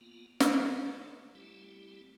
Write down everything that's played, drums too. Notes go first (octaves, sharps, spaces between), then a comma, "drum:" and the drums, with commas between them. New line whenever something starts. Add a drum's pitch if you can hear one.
A#3 B3 F4
A#4, drum: snare
A3
G3 A3 C4 E4 G4